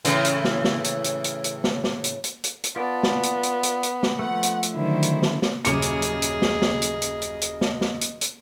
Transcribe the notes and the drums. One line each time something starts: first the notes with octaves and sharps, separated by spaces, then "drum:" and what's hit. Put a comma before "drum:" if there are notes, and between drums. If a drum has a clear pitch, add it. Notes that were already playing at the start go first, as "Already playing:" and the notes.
A2 C#3 E3, drum: hi-hat
drum: hi-hat
drum: snare
drum: snare
drum: hi-hat
drum: hi-hat
drum: hi-hat
drum: hi-hat
drum: snare
drum: snare
drum: hi-hat
drum: hi-hat
drum: hi-hat
drum: hi-hat
B3 F4 D5 A5
drum: snare
drum: hi-hat
drum: hi-hat
drum: hi-hat
drum: hi-hat
drum: snare
F3 A3 F#5
drum: hi-hat
drum: hi-hat
D3 D#3 F#3 E4 C5
drum: hi-hat
drum: snare
drum: snare
D#1 F#2 C#3 G#4 D#5 D6 C#7, drum: hi-hat
drum: hi-hat
drum: hi-hat
drum: hi-hat
drum: snare
drum: snare
drum: hi-hat
drum: hi-hat
drum: hi-hat
drum: hi-hat
drum: snare
drum: snare
drum: hi-hat
drum: hi-hat